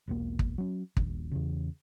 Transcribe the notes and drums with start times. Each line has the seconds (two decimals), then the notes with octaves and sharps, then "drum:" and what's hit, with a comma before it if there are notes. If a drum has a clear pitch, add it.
0.07 E1 B1 A#3
0.39 drum: kick
0.58 F#3 C#4
0.97 D#1 A#1, drum: kick
1.31 E2 C#3